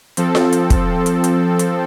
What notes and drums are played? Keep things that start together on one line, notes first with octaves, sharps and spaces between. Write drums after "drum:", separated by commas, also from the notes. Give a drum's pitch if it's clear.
F3 C4 A4, drum: hi-hat
drum: snare F4
drum: hi-hat
drum: kick, hi-hat
drum: hi-hat
drum: hi-hat
drum: hi-hat